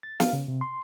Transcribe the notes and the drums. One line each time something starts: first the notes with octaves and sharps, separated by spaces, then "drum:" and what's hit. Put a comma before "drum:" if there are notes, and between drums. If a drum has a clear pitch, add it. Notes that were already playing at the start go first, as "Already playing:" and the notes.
A6
F5, drum: snare
C#3
C3
C6